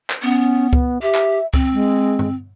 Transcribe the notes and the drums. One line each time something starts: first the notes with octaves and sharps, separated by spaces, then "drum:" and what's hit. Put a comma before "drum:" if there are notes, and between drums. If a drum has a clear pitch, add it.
drum: clap
B3 C#4
B3, drum: kick C#2
G4 E5
drum: clap
C4, drum: kick C#2
G#3
drum: tom G2